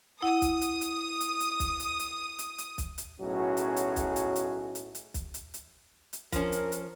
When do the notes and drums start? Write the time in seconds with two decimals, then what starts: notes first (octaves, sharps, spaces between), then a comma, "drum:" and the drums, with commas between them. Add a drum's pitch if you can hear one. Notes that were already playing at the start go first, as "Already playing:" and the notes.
0.22 E4 F#5 D#6
0.42 drum: kick, hi-hat
0.61 drum: hi-hat
0.81 drum: hi-hat
1.20 drum: hi-hat
1.40 drum: hi-hat
1.60 drum: kick, hi-hat
1.80 drum: hi-hat
1.99 drum: hi-hat
2.39 drum: hi-hat
2.58 drum: hi-hat
2.78 drum: kick, hi-hat
2.98 drum: hi-hat
3.21 B1 A2 F#3 C#4 F#4 G#4
3.57 drum: hi-hat
3.76 drum: hi-hat
3.96 drum: kick, hi-hat
4.16 drum: hi-hat
4.36 drum: hi-hat
4.75 drum: hi-hat
4.95 drum: hi-hat
5.14 drum: kick, hi-hat
5.34 drum: hi-hat
5.54 drum: hi-hat
6.13 drum: hi-hat
6.32 F3 C#4 A#4, drum: kick, hi-hat
6.52 drum: hi-hat
6.72 drum: hi-hat